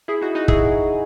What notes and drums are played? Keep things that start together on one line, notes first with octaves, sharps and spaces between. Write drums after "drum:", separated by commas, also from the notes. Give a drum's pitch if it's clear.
E4 G#4
D#4 F#4
D#4 F#4
E4 G#4, drum: kick